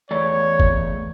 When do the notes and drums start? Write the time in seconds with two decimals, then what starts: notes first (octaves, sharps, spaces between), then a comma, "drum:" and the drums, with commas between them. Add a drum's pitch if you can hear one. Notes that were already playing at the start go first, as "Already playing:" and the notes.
0.11 E2 A3 C#5 D5
0.60 drum: kick